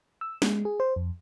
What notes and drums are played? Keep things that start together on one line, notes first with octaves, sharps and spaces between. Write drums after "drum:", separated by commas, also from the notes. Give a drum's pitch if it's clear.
E6
G#3, drum: snare
G#4
C5
F2